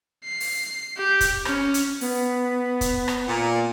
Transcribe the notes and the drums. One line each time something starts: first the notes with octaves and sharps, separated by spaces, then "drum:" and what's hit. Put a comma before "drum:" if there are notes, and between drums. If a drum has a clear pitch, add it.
C7
drum: open hi-hat
G4
drum: kick, hi-hat
C#4, drum: rim click
drum: hi-hat
B3, drum: open hi-hat
drum: kick, hi-hat
drum: rim click
A#2